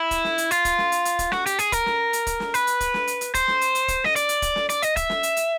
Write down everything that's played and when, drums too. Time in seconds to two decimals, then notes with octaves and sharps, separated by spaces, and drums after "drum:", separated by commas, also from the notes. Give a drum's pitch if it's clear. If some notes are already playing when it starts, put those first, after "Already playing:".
Already playing: E4
0.11 drum: kick, hi-hat
0.24 drum: snare
0.38 drum: hi-hat
0.51 F4, drum: hi-hat
0.65 drum: kick, hi-hat
0.78 drum: snare
0.92 drum: hi-hat
1.05 drum: hi-hat
1.19 drum: kick, hi-hat
1.32 F#4, drum: snare
1.46 G4, drum: hi-hat
1.59 G#4, drum: hi-hat
1.72 A#4, drum: kick, hi-hat
1.86 drum: snare
2.13 drum: hi-hat
2.27 drum: kick, hi-hat
2.40 drum: snare
2.54 B4, drum: hi-hat
2.67 drum: hi-hat
2.81 drum: kick, hi-hat
2.94 drum: snare
3.07 drum: hi-hat
3.21 drum: hi-hat
3.34 C5, drum: kick, hi-hat
3.48 drum: snare
3.61 drum: hi-hat
3.75 drum: hi-hat
3.88 drum: kick, hi-hat
4.04 D#5, drum: snare
4.16 D5, drum: hi-hat
4.29 drum: hi-hat
4.42 drum: kick, hi-hat
4.56 drum: snare
4.69 D5, drum: hi-hat
4.82 D#5, drum: hi-hat
4.96 E5, drum: kick, hi-hat
5.10 drum: snare
5.23 drum: hi-hat
5.37 drum: hi-hat